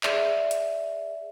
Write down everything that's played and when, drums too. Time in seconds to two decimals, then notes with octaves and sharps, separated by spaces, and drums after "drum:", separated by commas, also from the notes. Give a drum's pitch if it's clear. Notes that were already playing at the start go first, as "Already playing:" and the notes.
0.03 G#4 D5 E5, drum: clap
0.51 drum: hi-hat